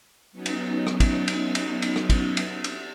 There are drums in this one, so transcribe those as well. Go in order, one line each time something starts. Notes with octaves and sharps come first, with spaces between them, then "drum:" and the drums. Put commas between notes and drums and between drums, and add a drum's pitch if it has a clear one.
F#3 B3 C#4 D#4
drum: cymbal
drum: rim click
drum: kick, cymbal
drum: cymbal
drum: cymbal
drum: cymbal
drum: rim click
drum: kick, cymbal
drum: cymbal
drum: cymbal